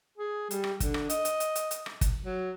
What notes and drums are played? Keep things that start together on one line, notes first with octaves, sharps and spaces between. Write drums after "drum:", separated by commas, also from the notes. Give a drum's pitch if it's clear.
G#4
G3, drum: hi-hat
drum: rim click
D3, drum: kick, hi-hat
drum: rim click
D#5, drum: hi-hat
drum: hi-hat
drum: hi-hat
drum: hi-hat
drum: hi-hat
drum: rim click
drum: kick, hi-hat
F#3